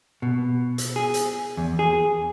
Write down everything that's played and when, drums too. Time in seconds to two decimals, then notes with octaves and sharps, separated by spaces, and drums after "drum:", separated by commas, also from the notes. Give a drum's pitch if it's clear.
0.22 B2
0.78 drum: hi-hat
0.96 G#4
1.14 drum: hi-hat
1.57 E2
1.79 G#4